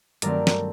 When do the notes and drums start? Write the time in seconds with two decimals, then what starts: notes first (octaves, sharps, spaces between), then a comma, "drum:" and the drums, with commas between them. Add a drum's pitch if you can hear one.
0.22 G2 D#3 F#3 A3 C4 A#4 D5, drum: hi-hat
0.47 drum: snare